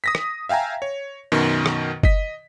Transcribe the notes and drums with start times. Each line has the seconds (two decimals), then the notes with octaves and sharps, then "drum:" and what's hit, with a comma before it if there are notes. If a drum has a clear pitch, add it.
0.04 D#6 A#6 B6
0.15 drum: rim click
0.49 E5 F5 G5 G#5 A#5
0.82 C#5
1.32 F#2 B2 D#3
1.66 drum: rim click
2.03 D#5 B6, drum: kick F#1